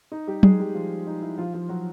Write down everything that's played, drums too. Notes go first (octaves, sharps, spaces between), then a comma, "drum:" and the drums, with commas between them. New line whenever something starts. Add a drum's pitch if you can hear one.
D#4
G3 G4
G#3 G#4, drum: tom F#3
G3 G4
F3 F4
D#4
E4
F3 F4
F3 F4
F#3 F#4